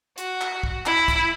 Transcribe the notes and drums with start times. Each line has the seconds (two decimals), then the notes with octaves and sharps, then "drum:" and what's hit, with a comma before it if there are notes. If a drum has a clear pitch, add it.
0.18 F#4, drum: hi-hat
0.41 drum: clap
0.63 drum: kick
0.86 E4, drum: clap
1.08 drum: kick, hi-hat